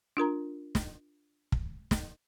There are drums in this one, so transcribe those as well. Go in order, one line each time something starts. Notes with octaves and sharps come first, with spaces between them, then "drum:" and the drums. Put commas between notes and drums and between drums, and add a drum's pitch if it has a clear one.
D4 F4 A#4 A#5
drum: snare
drum: kick
drum: snare